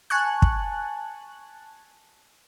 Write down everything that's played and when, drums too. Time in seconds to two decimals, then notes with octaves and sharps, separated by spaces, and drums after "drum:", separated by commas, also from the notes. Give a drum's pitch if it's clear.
0.10 G#5 A5 C#6 F#6
0.42 drum: kick